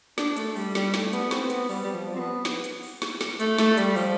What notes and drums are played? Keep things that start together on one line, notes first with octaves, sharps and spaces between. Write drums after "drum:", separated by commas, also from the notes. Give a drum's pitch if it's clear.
D4, drum: snare
A3, drum: hi-hat
G3, drum: open hi-hat
G3, drum: snare
A3, drum: snare
B3, drum: hi-hat
C4, drum: snare
B3, drum: hi-hat
G3, drum: open hi-hat
G3
F3
C4
B3
drum: snare
drum: hi-hat
drum: open hi-hat
drum: snare
drum: snare
A3, drum: hi-hat
A3, drum: snare
G3, drum: hi-hat
F3, drum: open hi-hat